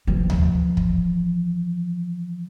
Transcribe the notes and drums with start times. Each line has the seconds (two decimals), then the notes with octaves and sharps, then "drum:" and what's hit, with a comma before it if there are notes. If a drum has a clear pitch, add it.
0.07 E3 F3
0.30 drum: tom D2
0.77 drum: kick